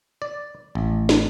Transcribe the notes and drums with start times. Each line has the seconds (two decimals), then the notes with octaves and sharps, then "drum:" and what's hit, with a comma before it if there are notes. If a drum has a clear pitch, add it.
0.22 D5
0.75 A1
1.09 drum: snare